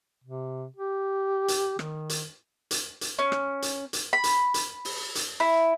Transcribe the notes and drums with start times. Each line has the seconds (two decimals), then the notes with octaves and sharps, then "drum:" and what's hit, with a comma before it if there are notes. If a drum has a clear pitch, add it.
0.24 C3
0.76 G4
1.48 drum: hi-hat
1.79 D#3, drum: rim click
2.09 drum: hi-hat
2.71 drum: hi-hat
3.01 drum: hi-hat
3.18 C#4
3.32 drum: rim click
3.62 drum: hi-hat
3.93 drum: hi-hat
4.13 B5
4.24 drum: hi-hat
4.54 drum: hi-hat
4.85 drum: open hi-hat
5.15 drum: hi-hat
5.40 E4